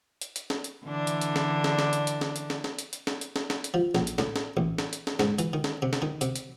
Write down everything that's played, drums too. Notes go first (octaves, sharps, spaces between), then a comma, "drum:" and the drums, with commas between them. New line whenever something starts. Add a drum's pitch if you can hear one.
drum: hi-hat
drum: hi-hat
drum: snare
drum: hi-hat
D3 E3 D4
drum: hi-hat
drum: hi-hat
drum: snare
drum: snare
drum: snare
drum: hi-hat
drum: hi-hat
drum: snare
drum: hi-hat
drum: snare
drum: snare
drum: hi-hat
drum: hi-hat
drum: snare
drum: hi-hat
drum: snare
drum: snare
drum: hi-hat
F3
A#1, drum: snare
drum: hi-hat
A2, drum: snare
drum: snare
A1
drum: snare
drum: hi-hat
drum: snare
G#2, drum: snare
E3, drum: hi-hat
D#3
drum: snare
C3
drum: snare
D#3
C3, drum: hi-hat
drum: hi-hat